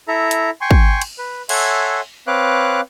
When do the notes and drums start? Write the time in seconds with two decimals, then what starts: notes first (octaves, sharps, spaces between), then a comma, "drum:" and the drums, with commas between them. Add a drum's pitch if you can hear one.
0.08 E4 A4 E5 A#5
0.31 drum: hi-hat
0.61 G5 G#5 C6 C#6
0.71 drum: kick
1.01 drum: cymbal
1.18 B4
1.49 A4 C#5 E5 F#5 G#5 C6, drum: cymbal
2.27 C4 B4 C#5 F5 D6 F#6